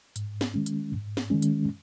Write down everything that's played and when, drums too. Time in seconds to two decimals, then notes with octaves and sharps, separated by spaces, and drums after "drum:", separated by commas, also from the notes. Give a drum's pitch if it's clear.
0.16 G#2, drum: hi-hat
0.41 drum: snare
0.54 D#3 G#3 C#4
0.66 drum: hi-hat
0.92 G#2
1.17 drum: snare
1.30 D#3 G#3 C#4
1.42 drum: hi-hat